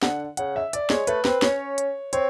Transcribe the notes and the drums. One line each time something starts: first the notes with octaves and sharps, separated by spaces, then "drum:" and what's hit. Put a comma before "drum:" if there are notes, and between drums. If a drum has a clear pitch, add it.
D3 F#5, drum: snare
C#3 F#5, drum: hi-hat
E5
D5, drum: hi-hat
G#3 C#5, drum: snare
A3 B4, drum: hi-hat
C4 B4, drum: snare
C#4 C#5, drum: snare
drum: hi-hat
C4 C#5, drum: hi-hat